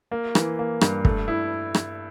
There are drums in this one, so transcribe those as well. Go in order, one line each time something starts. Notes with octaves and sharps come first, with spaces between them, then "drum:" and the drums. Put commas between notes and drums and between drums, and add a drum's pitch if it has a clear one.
A#3
E3, drum: rim click
A#3
G2, drum: rim click
A3, drum: kick
E4
drum: rim click